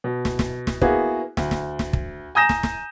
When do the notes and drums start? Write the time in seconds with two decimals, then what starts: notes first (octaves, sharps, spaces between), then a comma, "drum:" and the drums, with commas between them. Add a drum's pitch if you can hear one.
0.04 B2
0.25 drum: snare
0.39 drum: snare
0.67 drum: snare
0.81 A#3 B3 E4 F#4 G#4, drum: kick
1.37 D2, drum: snare
1.51 drum: snare
1.79 drum: snare
1.93 drum: kick
2.35 G#5 A#5 D#6 G6 A#6 E7
2.49 drum: snare
2.63 drum: snare